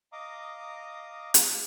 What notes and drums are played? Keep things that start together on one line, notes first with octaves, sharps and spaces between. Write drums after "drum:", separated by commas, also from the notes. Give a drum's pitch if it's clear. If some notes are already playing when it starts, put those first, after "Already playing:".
D#5 F5 A#5 D6 D#6
drum: hi-hat